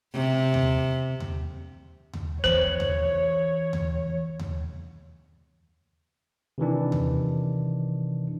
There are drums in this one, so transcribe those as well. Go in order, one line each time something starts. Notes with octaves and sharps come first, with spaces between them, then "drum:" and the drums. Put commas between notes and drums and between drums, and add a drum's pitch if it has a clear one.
C3
drum: tom D#2
drum: tom D#2
drum: tom D#2
E2 E3 C5 C#5
drum: tom D#2
drum: tom D#2
drum: tom D#2
C3 D#3 E3 D4
drum: tom D#2